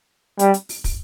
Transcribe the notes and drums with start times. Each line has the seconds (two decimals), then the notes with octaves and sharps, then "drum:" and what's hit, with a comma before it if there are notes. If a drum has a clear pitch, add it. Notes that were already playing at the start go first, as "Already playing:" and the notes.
0.39 G3, drum: hi-hat
0.54 drum: hi-hat
0.69 drum: open hi-hat
0.84 drum: kick, open hi-hat